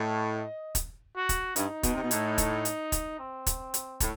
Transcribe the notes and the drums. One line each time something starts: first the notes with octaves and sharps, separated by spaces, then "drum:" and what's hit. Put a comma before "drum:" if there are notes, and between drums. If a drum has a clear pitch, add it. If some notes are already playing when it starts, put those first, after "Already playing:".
Already playing: A2 D#5
drum: kick, hi-hat
F#4
drum: kick, hi-hat
G2 D#4, drum: hi-hat
B2, drum: kick, hi-hat
C3
B2
A2, drum: hi-hat
drum: kick, hi-hat
drum: hi-hat
drum: kick, hi-hat
C4
drum: kick, hi-hat
drum: hi-hat
A2, drum: kick, hi-hat